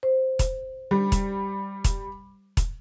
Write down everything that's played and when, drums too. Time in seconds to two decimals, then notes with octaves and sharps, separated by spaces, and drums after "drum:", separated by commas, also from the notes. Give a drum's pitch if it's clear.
0.03 C5
0.39 drum: kick E1, hi-hat
0.91 G3
1.12 drum: kick E1, hi-hat
1.84 drum: kick E1, hi-hat
2.57 drum: kick E1, hi-hat